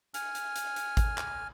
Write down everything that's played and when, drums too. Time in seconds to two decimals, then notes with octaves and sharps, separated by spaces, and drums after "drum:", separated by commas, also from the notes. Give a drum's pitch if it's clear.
0.14 G#5 F6, drum: hi-hat
0.35 drum: hi-hat
0.56 drum: hi-hat
0.76 drum: hi-hat
0.97 drum: kick G#1, hi-hat
1.18 drum: clap